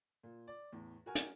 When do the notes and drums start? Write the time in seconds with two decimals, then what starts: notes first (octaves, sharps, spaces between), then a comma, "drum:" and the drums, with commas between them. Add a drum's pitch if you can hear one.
0.23 A#2
0.48 D5
0.73 E2 A2
1.06 F#4 A#4 G#5 F6
1.15 drum: hi-hat